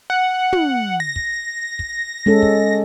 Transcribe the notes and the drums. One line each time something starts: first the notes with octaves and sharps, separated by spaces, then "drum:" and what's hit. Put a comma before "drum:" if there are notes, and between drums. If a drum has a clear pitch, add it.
F#5
drum: tom
A#6
drum: kick
drum: kick
G#3 C#4 A4
drum: kick